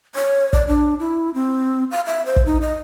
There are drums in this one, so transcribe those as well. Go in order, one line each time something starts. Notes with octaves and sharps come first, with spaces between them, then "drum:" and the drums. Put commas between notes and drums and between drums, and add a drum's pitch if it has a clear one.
C#5
D5, drum: kick
D4
E4
C4
F5
E5
C5
drum: kick
D#4
D#5